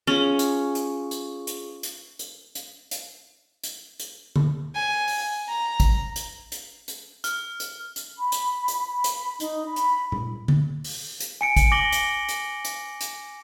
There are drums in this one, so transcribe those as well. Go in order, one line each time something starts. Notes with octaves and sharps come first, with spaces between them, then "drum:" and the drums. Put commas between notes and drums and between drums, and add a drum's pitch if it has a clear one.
C#4 F4 G#4 C#6
drum: hi-hat
drum: hi-hat
drum: hi-hat
drum: hi-hat
drum: hi-hat
drum: hi-hat
drum: hi-hat
drum: hi-hat
drum: hi-hat
drum: hi-hat
drum: tom D3
G#5
drum: open hi-hat
A#5
drum: kick A1, hi-hat
drum: hi-hat
drum: hi-hat
drum: hi-hat
F6, drum: hi-hat
drum: hi-hat
drum: hi-hat
B5
drum: hi-hat
drum: hi-hat
B5
drum: hi-hat
D#4, drum: hi-hat
B5
drum: hi-hat
drum: tom A#2
drum: tom D3
drum: open hi-hat
drum: hi-hat
G#5 C#7 D7
drum: kick A1, hi-hat
G#5 D6 A#6 F#7 G7
drum: hi-hat
drum: hi-hat
drum: hi-hat
drum: hi-hat